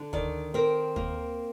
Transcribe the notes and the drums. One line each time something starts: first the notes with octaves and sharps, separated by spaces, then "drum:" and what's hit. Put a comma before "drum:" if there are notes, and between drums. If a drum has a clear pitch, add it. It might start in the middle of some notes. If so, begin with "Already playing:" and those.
Already playing: D3
D#3 D5, drum: kick
C4 A#4
A#3, drum: kick